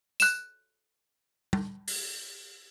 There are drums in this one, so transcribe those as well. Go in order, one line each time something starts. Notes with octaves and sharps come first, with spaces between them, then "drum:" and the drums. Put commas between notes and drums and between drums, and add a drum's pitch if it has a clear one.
F#6 E7, drum: tambourine
drum: tom
drum: open hi-hat